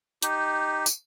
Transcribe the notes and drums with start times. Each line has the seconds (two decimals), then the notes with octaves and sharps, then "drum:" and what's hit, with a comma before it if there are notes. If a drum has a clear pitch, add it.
0.22 D#4 G4, drum: hi-hat
0.86 drum: tambourine